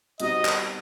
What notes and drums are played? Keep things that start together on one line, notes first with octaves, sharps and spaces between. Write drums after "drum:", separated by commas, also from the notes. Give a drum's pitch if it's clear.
B2 G3 C4 D#4 F#4 D#5, drum: hi-hat
drum: clap